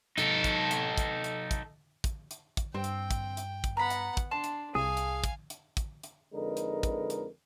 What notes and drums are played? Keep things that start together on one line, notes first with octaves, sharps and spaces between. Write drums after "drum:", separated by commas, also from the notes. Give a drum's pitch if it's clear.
D#4 A4, drum: hi-hat
drum: kick, hi-hat
drum: hi-hat
drum: kick, hi-hat
drum: hi-hat
drum: kick, hi-hat
drum: kick, hi-hat
drum: hi-hat
drum: kick, hi-hat
G2 C4 G5
drum: hi-hat
drum: kick, hi-hat
drum: hi-hat
drum: kick, hi-hat
B3 F#5 A#5 B5
drum: hi-hat
drum: kick, hi-hat
D4 A5 C6
drum: hi-hat
C2 G#4 F5 G#5
drum: hi-hat
drum: kick, hi-hat
drum: hi-hat
drum: kick, hi-hat
drum: hi-hat
F2 D3 G#3 D#4 A#4 B4
drum: hi-hat
drum: kick, hi-hat
drum: hi-hat